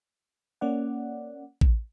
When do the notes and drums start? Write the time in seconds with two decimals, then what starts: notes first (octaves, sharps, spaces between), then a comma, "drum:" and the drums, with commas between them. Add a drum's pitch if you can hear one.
0.61 A#3 C#4 D5 F#5
1.61 drum: kick A1